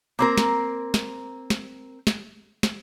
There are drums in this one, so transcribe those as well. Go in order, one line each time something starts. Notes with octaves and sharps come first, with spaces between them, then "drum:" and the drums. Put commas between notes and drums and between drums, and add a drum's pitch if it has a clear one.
A#3 C4 A#4
drum: snare
drum: snare
drum: snare
drum: snare
drum: snare